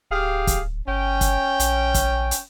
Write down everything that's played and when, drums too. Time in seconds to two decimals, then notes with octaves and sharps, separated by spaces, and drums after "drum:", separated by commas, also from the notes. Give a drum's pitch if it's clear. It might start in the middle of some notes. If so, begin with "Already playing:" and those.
0.11 D1 G4 G#4 F5
0.47 drum: kick, hi-hat
0.87 G1 C#4 G5
1.21 drum: kick, hi-hat
1.60 A#1, drum: hi-hat
1.94 drum: kick, hi-hat
2.31 drum: hi-hat